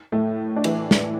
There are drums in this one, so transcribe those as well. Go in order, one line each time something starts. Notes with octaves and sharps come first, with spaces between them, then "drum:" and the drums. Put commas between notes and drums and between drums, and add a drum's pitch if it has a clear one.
A2 A3
D4
E3 E4, drum: cymbal
drum: snare